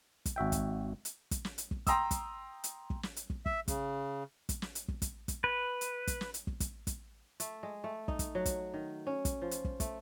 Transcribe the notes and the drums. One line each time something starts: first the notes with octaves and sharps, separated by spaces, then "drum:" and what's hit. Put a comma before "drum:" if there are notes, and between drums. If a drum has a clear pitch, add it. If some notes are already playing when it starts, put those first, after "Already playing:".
drum: kick, hi-hat
G#1 F#4 E5 G5
drum: kick, hi-hat
drum: hi-hat
drum: kick, hi-hat
drum: snare
drum: hi-hat
drum: kick
G5 A#5 C6 D#6 E6, drum: kick, hi-hat
drum: kick, hi-hat
drum: hi-hat
drum: kick
drum: snare
drum: hi-hat
drum: kick
E5, drum: kick
C#3, drum: kick, hi-hat
drum: kick, hi-hat
drum: snare
drum: hi-hat
drum: kick
drum: kick, hi-hat
drum: kick, hi-hat
B4
drum: hi-hat
drum: kick, hi-hat
drum: snare
drum: hi-hat
drum: kick
drum: kick, hi-hat
drum: kick, hi-hat
A3, drum: hi-hat
G#3
A3
D#4, drum: kick
drum: kick, hi-hat
F#3
drum: kick, hi-hat
D#3
C#4
drum: kick, hi-hat
F3
drum: hi-hat
drum: kick
A3, drum: kick, hi-hat